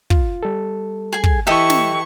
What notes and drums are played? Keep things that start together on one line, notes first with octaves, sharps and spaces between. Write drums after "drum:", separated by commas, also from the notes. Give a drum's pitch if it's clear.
F4, drum: kick
G3 A4
G#4 G#5
drum: kick
E3 E4 G4 A4 D#5 E5 C#6
drum: snare